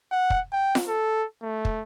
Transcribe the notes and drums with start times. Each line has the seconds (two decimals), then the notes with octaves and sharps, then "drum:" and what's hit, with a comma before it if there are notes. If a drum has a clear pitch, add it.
0.12 F#5
0.30 drum: kick
0.53 G5
0.75 drum: snare F4
0.88 A4
1.42 A3
1.65 drum: kick